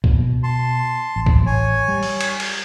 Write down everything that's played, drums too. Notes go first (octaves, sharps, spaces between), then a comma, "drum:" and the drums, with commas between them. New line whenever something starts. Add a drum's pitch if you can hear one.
B2, drum: kick
A5 C6
A1
drum: kick
C#5 G#5
G3
drum: open hi-hat
drum: cymbal
drum: cymbal